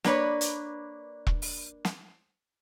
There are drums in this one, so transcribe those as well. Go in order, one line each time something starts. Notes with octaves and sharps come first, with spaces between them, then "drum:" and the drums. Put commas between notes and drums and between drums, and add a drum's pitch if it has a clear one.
A#3 D4 B4 C#5, drum: snare
drum: hi-hat
drum: kick E1
drum: open hi-hat
drum: snare